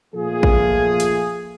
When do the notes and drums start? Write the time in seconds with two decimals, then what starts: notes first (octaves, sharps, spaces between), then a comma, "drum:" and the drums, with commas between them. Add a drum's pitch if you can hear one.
0.15 A#2 F3 A3 F4 G#4
0.43 drum: kick A1
1.00 drum: hi-hat